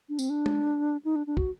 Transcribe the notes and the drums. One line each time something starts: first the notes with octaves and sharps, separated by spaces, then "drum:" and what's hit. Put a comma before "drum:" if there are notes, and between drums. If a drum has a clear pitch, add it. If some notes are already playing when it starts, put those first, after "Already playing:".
D4
C4, drum: tambourine
D4
drum: tom G#3
D#4
D4
D4
F#4, drum: kick